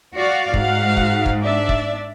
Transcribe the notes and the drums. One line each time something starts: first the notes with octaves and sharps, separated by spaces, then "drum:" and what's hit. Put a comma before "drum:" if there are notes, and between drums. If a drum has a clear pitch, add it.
F#4 D5 F5
G#2 F#4 F5 F#5, drum: kick
drum: kick
drum: kick
D4 D5 E5
drum: kick